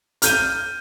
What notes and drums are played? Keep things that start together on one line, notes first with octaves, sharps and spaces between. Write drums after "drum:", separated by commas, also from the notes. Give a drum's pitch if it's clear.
F6 G6 D#7, drum: hi-hat